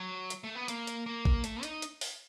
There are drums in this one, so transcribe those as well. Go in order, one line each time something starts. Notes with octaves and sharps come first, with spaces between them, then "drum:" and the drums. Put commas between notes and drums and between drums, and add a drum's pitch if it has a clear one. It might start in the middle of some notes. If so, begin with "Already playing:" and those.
Already playing: F#3
drum: hi-hat
A3
B3
A#3, drum: hi-hat
drum: hi-hat
A#3
drum: kick
A3, drum: hi-hat
D#4, drum: hi-hat
drum: hi-hat
drum: open hi-hat